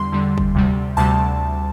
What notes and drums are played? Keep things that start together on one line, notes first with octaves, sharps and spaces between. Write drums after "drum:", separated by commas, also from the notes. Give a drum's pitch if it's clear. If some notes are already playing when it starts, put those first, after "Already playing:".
Already playing: E2 D3 G3 C6
E2 D3 G3
drum: kick
D2 C3 G3
D2 C3 G3 A5